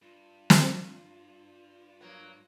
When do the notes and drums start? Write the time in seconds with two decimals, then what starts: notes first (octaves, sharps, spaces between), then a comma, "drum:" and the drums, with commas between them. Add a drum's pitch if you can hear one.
0.02 G2 F4
0.50 drum: snare
2.01 F#3 A#3 B3